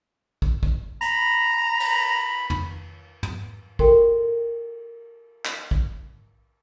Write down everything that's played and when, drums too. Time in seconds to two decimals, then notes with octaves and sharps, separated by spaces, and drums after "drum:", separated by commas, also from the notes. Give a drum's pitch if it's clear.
0.42 drum: kick
0.63 drum: kick
1.01 A#5 B5, drum: hi-hat
1.80 drum: cymbal
2.50 drum: tom
3.23 drum: tom
3.79 F#4 G4 A4 A#4 G5, drum: kick
5.45 drum: clap
5.71 drum: kick